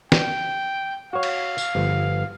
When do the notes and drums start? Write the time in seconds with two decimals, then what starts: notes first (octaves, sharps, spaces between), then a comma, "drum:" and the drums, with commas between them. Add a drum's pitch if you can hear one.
0.12 G5, drum: snare
1.13 F#4 C#5 F5
1.23 drum: cymbal
1.58 drum: tambourine
1.75 G1 F3